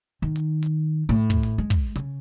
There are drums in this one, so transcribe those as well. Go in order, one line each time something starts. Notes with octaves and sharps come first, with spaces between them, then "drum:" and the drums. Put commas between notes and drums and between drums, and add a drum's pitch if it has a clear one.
D#3
drum: hi-hat
drum: hi-hat
A2
drum: kick
drum: hi-hat
G#3
drum: kick, hi-hat
C#3, drum: hi-hat